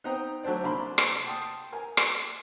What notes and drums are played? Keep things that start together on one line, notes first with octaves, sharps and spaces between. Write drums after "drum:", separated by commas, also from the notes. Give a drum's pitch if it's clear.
B3 C4 D#4 G5 A#5
F#3 A3 D4 C5 D5
C2 A#3 D4 B5 C6
drum: rim click
G5 A5 C6 D#6
A#4 G#5
drum: rim click